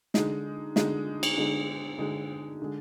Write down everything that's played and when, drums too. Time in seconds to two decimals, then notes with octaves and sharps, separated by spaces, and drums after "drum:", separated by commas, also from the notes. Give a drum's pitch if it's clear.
0.14 D3 G#3 D#4, drum: snare
0.76 D3 G#3 D#4, drum: snare
1.23 drum: cymbal
1.37 D3 G#3 D#4
1.99 D3 G#3 D#4
2.62 D3 G#3